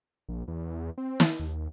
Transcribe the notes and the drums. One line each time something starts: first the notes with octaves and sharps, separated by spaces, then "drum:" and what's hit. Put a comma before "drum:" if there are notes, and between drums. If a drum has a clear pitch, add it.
A#1
E2
C4
drum: snare
D#2